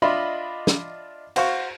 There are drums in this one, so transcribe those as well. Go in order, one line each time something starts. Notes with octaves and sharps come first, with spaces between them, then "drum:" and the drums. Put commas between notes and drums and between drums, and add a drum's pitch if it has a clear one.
D4 F4 D#5 E5 B5 C6
drum: snare
F#4 C5 F5 C#6, drum: cymbal